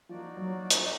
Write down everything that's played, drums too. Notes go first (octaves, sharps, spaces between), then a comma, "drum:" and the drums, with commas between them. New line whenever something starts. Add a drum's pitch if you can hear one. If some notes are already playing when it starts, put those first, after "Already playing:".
F3 A#3 D#4 F#4 D5
F#3
drum: hi-hat